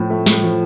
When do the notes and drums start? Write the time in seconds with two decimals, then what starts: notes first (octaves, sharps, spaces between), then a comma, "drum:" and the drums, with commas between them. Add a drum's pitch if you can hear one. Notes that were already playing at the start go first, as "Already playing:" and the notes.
Already playing: A2 F3
0.10 A3
0.26 A2, drum: snare
0.43 F3